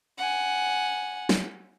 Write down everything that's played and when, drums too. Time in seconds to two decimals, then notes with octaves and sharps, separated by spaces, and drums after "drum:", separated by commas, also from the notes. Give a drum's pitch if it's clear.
0.18 F#5 G#5
1.29 drum: snare